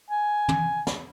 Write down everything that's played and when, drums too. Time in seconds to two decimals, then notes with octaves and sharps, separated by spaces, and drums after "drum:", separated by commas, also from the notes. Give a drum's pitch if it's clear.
0.10 G#5
0.49 drum: tom
0.87 drum: snare